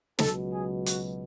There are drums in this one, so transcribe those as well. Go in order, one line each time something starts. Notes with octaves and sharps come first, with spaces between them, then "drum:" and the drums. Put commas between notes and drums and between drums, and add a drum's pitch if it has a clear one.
C#2 B2 F#3 A4, drum: snare
G#4
F#4, drum: hi-hat